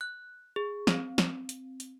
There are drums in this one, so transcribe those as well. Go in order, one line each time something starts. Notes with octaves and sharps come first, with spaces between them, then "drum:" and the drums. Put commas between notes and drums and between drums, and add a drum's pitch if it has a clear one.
F#6
G#4
C4, drum: snare
drum: snare
drum: hi-hat
drum: hi-hat